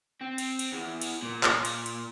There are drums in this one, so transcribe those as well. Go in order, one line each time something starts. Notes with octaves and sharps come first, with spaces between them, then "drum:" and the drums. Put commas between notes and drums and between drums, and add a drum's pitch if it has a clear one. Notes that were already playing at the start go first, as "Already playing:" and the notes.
C4
drum: cymbal
drum: cymbal
E2
drum: cymbal
A#2
drum: clap
drum: cymbal
drum: cymbal